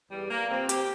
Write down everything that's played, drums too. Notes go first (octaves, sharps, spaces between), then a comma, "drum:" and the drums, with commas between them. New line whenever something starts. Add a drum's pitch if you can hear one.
E2 G3
A#3
C3 F3 C4
G4, drum: hi-hat